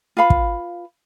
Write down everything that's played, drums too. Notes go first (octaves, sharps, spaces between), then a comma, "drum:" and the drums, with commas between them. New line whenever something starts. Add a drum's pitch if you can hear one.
F4 B4 F5 B5
drum: kick